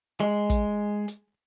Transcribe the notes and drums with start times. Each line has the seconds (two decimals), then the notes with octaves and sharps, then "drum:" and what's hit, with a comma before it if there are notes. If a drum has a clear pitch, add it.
0.20 G#3
0.50 drum: kick, hi-hat
1.08 drum: hi-hat